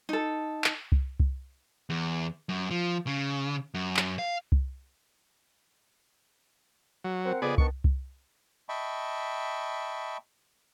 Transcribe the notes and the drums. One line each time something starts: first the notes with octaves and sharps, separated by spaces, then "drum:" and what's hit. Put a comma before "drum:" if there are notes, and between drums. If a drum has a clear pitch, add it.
D#4 A4
drum: clap
drum: kick C2
drum: kick C2
E2
F#2
F3
C#3
F#2
drum: clap
F5
drum: kick C2
F#3
C4 A#4 F#5
F2 C#3 B3 G#4 D5
D#3 B3 D4 C#6, drum: kick C2
drum: kick C2
D#5 E5 G5 A5 B5 C#6